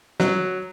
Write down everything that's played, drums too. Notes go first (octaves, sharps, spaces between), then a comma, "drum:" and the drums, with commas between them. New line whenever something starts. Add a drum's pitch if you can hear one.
F#3, drum: snare